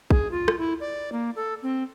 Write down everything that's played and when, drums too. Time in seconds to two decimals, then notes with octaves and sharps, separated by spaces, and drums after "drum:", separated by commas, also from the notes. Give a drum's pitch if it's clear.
0.11 G#4, drum: kick
0.31 F4
0.48 drum: rim click
0.59 E4
0.80 D5
1.12 A#3
1.36 A4
1.63 C4